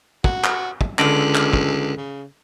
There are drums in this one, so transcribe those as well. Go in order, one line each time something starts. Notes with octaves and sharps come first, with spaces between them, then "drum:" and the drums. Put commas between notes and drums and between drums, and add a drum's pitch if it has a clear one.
F#4, drum: kick
drum: clap
drum: kick
C#2 D3, drum: clap
drum: clap
drum: kick
C#3